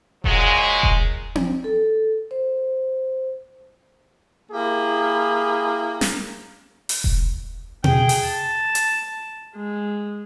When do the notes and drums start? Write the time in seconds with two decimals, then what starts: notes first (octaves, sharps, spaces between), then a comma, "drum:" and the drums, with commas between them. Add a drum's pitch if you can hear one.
0.24 A#2 F#3 G#3, drum: kick E1
0.83 drum: kick E1
1.35 drum: tom C4
1.64 A4
2.31 C5
4.51 A#3 E4 G4 G#4
6.01 drum: snare
6.89 drum: open hi-hat
7.04 drum: kick E1
7.84 G#4 G5, drum: tom B2
8.09 drum: open hi-hat
8.27 A5
8.75 drum: hi-hat
9.56 G#3